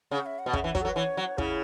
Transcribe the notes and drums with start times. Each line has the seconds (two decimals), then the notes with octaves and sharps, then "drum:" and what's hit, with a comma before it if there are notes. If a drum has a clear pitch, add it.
0.11 C#3 F#5
0.26 E5
0.39 F#5
0.46 B2
0.53 C#3 E5, drum: kick
0.64 E3
0.75 F#3 F#4, drum: kick
0.82 A4
0.85 F#3
0.89 B4
0.96 E3 C#5
1.17 F#3
1.38 C#3 E4, drum: kick